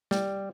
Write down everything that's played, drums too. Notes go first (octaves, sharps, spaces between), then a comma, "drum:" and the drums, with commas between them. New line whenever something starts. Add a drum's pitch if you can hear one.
G3, drum: snare